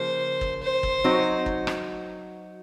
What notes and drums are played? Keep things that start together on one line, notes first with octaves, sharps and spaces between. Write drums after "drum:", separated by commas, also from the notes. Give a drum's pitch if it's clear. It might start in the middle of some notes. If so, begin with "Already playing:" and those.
Already playing: C#3 F3 A#3 C5
drum: kick
C5
drum: kick
F#3 C4 D#4 F#4
drum: kick
drum: rim click